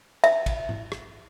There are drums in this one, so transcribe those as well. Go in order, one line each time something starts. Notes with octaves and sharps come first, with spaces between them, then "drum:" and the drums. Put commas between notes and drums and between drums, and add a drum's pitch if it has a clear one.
E5, drum: cymbal
drum: kick, cymbal
drum: tom G#2
drum: rim click